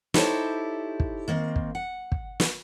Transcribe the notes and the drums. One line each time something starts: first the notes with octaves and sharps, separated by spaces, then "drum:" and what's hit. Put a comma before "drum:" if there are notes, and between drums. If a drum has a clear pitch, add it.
D#4 E4 G4 A4 C5 C#5, drum: snare
drum: kick
D#3 A#3 C4
drum: kick
F#5
drum: kick
drum: snare